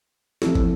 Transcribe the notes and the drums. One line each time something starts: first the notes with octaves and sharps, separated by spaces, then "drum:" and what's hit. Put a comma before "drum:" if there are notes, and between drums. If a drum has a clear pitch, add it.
F3 C4 E4 A4, drum: snare
drum: kick